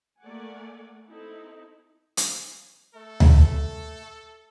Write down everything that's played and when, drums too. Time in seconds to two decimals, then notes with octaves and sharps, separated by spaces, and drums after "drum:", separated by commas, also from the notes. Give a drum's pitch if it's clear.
0.21 A3 A#3 D5 F#5 G#5
1.05 C4 D#4 E4 A4
2.17 drum: hi-hat
2.95 A3 A4
3.20 drum: tom D2